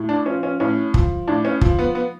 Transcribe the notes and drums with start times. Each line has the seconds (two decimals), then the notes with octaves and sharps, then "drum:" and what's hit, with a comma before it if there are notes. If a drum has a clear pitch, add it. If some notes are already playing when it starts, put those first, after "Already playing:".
Already playing: A2
0.09 D4
0.26 F3 C#4
0.43 C#4
0.60 A2 C#4
0.94 F3, drum: kick
1.28 A2 D4
1.45 C#4
1.61 F3, drum: kick
1.79 B3
1.95 B3